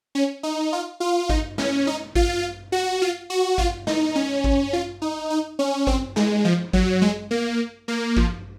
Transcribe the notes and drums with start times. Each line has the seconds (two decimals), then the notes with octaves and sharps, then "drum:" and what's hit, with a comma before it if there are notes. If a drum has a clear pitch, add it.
0.15 C#4
0.43 D#4
0.73 F4
1.00 F4
1.29 D#4, drum: kick
1.58 C#4, drum: snare
1.87 D#4
2.15 F4, drum: kick
2.72 F#4
3.02 F4
3.30 F#4
3.58 F4, drum: kick
3.87 D#4, drum: snare
4.16 C#4
4.44 drum: kick
4.73 F4
5.02 D#4
5.30 D#4
5.59 C#4
5.87 C4, drum: kick
6.16 G#3, drum: snare
6.45 F3
6.73 F#3, drum: kick
7.02 G#3
7.31 A#3
7.88 A#3
8.17 F3, drum: kick